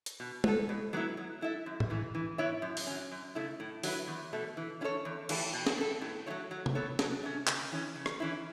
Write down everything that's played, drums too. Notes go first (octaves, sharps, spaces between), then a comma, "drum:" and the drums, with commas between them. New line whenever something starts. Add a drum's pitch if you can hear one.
drum: hi-hat
B2
B3 A4, drum: tom G#3
B2
F#3 B3 E4
F#3
A3 E4 A4 E5
F#2
drum: tom A2
C#3 E3
E3
B3 E4 C#5 E5
F#2
drum: open hi-hat
F#3 C#4
F#2
C#3 A3 E4
A2
F#3 A3 E4 B4, drum: open hi-hat
E2
B2 A3
E3
C#4 E4 A4 C#5
E2
E3 A3 E4, drum: cymbal
B2
drum: snare
B3 A4
A2
F#3 A3 E4 C#5
F#3
drum: tom
B3 A4 C#5
F#3, drum: snare
A3 C#4
C#3, drum: clap
E3 C#4
C#3
drum: rim click
E3 C#4 E4